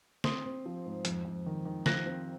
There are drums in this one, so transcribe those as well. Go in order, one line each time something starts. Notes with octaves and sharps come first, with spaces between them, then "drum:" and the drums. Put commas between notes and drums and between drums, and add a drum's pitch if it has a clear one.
C4 C6 D#6, drum: snare
C4
F3
G#2
F2, drum: hi-hat
F2
D#3
D#3
F3 F#6 A#6, drum: snare
C4